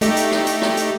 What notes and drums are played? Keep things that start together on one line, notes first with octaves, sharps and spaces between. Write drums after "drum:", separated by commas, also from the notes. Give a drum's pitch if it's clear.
A3 D#4 G4, drum: hi-hat
drum: hi-hat
drum: rim click
drum: hi-hat
drum: rim click
drum: hi-hat